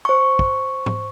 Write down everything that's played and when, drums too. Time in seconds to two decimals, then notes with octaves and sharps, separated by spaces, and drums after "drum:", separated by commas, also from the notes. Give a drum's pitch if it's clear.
0.05 C5 C#6
0.39 drum: kick
0.86 drum: tom G#2